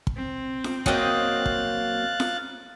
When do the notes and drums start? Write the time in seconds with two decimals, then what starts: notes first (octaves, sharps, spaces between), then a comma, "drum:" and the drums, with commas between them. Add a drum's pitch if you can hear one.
0.07 drum: kick
0.16 C4
0.64 drum: snare
0.86 F#3 A#3 D#5 F5 G5 D#6 F#6 A6, drum: kick
1.46 drum: kick
2.20 drum: snare